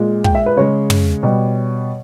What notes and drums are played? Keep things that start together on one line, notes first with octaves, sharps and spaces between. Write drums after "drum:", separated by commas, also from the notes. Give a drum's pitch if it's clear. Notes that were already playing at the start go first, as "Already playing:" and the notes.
Already playing: A#2 G#3
G5, drum: kick
E5
B4
C#3 G#3 C#5
drum: tom
B2 G3